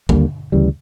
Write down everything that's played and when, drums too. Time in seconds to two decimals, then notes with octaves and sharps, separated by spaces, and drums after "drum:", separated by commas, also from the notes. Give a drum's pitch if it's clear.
0.09 D#2 D3 G3 A#3, drum: kick
0.52 D2 C#3 E3 G3